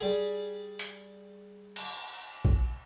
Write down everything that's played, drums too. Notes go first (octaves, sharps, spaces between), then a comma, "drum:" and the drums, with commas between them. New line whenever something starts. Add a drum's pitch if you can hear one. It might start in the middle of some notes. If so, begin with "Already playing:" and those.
G3 G#4
drum: hi-hat
drum: cymbal
drum: kick A#1